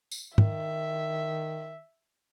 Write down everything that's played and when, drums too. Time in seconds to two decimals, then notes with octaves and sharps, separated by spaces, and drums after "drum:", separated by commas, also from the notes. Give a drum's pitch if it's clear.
0.11 drum: tambourine
0.38 D#3 E5, drum: tom G#2